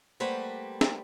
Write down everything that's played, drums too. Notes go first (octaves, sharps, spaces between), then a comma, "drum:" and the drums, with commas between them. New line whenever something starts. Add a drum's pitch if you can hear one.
G3 A3 A#3 B4 C5 F#5
drum: snare